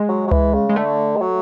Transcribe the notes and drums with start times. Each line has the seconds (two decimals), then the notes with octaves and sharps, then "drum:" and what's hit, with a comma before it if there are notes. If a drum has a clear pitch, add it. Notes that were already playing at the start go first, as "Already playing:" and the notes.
Already playing: G#3
0.09 F#3
0.27 F#3
0.31 E3, drum: tom C#2
0.54 C#3
0.69 G#3
0.76 D3 A3
1.16 G#3
1.21 F#3